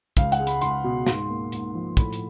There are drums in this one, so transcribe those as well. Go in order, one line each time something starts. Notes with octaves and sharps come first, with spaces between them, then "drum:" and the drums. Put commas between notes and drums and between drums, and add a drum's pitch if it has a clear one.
C#2 F5, drum: kick, hi-hat
F#5, drum: hi-hat
G#3
B5, drum: hi-hat
C#2 C6, drum: hi-hat
B2
G#2, drum: snare
A#3
G#2, drum: hi-hat
F3
A2 B5, drum: kick, hi-hat
drum: hi-hat